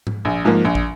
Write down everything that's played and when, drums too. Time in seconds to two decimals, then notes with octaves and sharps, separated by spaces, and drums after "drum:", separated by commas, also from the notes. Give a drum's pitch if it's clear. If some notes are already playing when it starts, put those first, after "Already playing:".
0.07 drum: tom G#2
0.25 A#1
0.45 G#2 F3 A#3
0.65 A#1
0.75 drum: kick